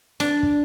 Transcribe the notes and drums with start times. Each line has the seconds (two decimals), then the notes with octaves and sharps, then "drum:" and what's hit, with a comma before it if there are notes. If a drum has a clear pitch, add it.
0.20 D4, drum: snare
0.43 drum: kick